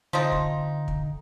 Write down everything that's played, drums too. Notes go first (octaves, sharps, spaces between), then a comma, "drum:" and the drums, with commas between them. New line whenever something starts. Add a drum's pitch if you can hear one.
D3 F3 C4 D#4
drum: kick
drum: kick